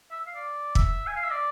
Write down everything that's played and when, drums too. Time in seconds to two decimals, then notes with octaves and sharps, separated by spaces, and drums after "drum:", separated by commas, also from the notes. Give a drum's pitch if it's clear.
0.11 E5
0.27 F5
0.35 D5
0.75 E5, drum: kick
1.07 G#5
1.16 F5
1.23 E5
1.31 D5